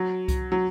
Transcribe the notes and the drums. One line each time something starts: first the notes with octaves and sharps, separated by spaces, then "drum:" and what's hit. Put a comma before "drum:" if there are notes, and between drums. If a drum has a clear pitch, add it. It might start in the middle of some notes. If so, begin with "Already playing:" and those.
Already playing: F#3
drum: kick C2, hi-hat
F#3